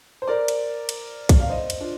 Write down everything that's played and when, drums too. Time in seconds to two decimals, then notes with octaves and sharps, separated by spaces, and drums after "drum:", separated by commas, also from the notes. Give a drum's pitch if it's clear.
0.22 C5
0.28 A#4 D5
0.48 drum: cymbal
0.89 drum: cymbal
1.29 drum: kick B1, cymbal
1.40 F5
1.49 C5 D#5
1.70 drum: cymbal
1.81 D4 F4